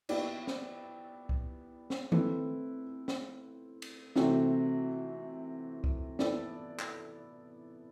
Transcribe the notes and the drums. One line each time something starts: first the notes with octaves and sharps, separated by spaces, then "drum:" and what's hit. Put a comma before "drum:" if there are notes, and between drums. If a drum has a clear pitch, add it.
B3 E4 G4 D5, drum: cymbal
drum: snare
drum: kick C2
drum: snare
A3 C4 E4 B4, drum: tom D#3
drum: snare
drum: cymbal
C3 E3 A3 C4 F#4, drum: snare
drum: kick C2
B3 E4 A4 D5, drum: snare
drum: clap